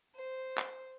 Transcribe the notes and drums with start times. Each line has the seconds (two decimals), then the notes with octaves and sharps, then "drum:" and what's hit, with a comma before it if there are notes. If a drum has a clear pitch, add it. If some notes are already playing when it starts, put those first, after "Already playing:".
0.16 C5
0.58 drum: clap